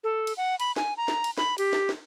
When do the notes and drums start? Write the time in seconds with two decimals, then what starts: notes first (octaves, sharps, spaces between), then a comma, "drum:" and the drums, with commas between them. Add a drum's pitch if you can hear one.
0.04 A4
0.27 drum: cymbal
0.37 F#5
0.60 B5, drum: cymbal
0.76 G#5, drum: snare
0.97 A#5
1.08 drum: snare
1.24 drum: cymbal
1.38 B5, drum: snare
1.58 G4, drum: cymbal
1.73 drum: snare
1.89 drum: snare